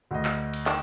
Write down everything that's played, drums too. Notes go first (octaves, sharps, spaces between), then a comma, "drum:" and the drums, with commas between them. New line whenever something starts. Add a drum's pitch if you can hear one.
D2 D#5
drum: clap
drum: cymbal
D#3 D4, drum: clap